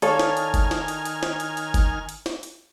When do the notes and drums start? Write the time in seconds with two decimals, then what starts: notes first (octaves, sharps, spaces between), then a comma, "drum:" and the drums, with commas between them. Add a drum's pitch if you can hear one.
0.02 D#3 A4 C#5 D5 F5 G#5 F6, drum: hi-hat
0.19 drum: snare
0.37 drum: hi-hat
0.54 drum: kick, hi-hat
0.71 drum: snare
0.88 drum: hi-hat
1.05 drum: hi-hat
1.23 drum: snare
1.40 drum: hi-hat
1.57 drum: hi-hat
1.74 drum: kick, hi-hat
2.09 drum: hi-hat
2.26 drum: snare
2.43 drum: hi-hat